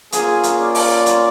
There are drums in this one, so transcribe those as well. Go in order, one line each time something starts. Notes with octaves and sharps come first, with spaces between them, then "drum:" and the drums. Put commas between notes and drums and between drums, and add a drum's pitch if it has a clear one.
A#3 C#4 F4 G#4, drum: hi-hat
drum: hi-hat
D5
drum: open hi-hat
drum: hi-hat